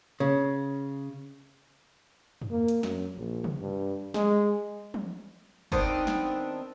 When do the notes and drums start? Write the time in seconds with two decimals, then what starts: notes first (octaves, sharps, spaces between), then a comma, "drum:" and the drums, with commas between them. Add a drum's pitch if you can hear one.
0.20 C#3
2.42 drum: tom
2.51 A#3
2.68 drum: hi-hat
2.83 F#2, drum: snare
3.17 A#1
3.44 drum: tom
3.61 G2
4.14 G#3, drum: snare
4.94 drum: tom
5.72 D#3 B3 C4 D4, drum: kick
6.07 drum: snare